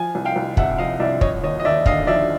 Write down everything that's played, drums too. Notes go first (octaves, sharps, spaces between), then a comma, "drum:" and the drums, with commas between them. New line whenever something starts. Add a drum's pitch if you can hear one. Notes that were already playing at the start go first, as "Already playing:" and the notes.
Already playing: F3 G#5
C2
F5 G5
C2
C3 E5 F#5, drum: kick
F3 D#5 F5
C2 D5 E5
F3 C#5 D#5, drum: kick
D#2 C#5 D#5
D#5
D#2 D5 E5
D3 D#5 F5, drum: kick
F3 D5 E5